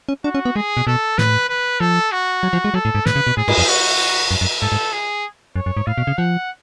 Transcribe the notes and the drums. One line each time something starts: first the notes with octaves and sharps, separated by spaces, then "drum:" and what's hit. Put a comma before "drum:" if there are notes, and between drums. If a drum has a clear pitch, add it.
C#4
D4 F#4
C#4
B3
G#3 G#4
B2
B2 A4
A2 B4, drum: snare
B4
F3 A4
F#4
F#3
F3
G#3
F#3 A4
A2
G#2
A2 B4, drum: snare
C#3
B2
A2 G#4
G#2, drum: cymbal
F2
F#4
F#2
F#2
G#2 A4
G#2
G#4
F#2 C#5
F#2
G#2
A2 F5
B2
C#3
F3 F#5